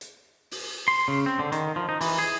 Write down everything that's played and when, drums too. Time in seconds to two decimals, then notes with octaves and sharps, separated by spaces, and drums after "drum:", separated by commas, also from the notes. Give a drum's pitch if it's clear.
0.01 drum: hi-hat
0.51 drum: open hi-hat
0.88 C6
1.08 C#3
1.26 C4
1.39 D3
1.52 D#3, drum: hi-hat
1.76 F3
1.89 D#4
2.01 E3, drum: open hi-hat
2.18 G#4